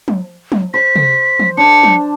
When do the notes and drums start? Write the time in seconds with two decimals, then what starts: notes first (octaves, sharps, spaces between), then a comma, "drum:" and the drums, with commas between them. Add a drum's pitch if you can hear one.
0.08 drum: tom F3
0.52 drum: tom F3
0.74 C5 B6
0.96 drum: tom C3
1.39 drum: tom E3
1.57 D4 C#7
1.83 drum: tom F3